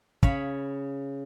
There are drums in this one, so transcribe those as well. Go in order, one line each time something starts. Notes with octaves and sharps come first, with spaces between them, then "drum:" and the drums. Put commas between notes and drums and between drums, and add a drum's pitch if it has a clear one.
C#3 C#5 B5, drum: kick